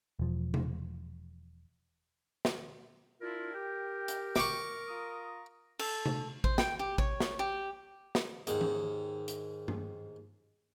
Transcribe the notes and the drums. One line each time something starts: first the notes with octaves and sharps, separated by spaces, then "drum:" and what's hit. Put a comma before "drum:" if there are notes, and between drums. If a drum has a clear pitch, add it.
E1 F3
drum: tom C3
drum: snare
D4 E4 F4 A#4
G4 G5
drum: hi-hat
C#6 D6, drum: snare
F4 A#5 D#6
A4, drum: cymbal
drum: tom C3
C5, drum: kick A1
G5, drum: snare
G4
C#5, drum: kick A1
drum: snare
G4
drum: snare
D#2 G#2, drum: hi-hat
drum: tom E3
drum: hi-hat
drum: tom G2